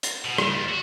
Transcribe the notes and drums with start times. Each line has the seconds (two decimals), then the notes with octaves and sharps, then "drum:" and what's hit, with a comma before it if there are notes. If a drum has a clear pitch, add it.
0.03 drum: hi-hat
0.25 B2
0.38 C#3, drum: rim click
0.51 D#2
0.69 F#4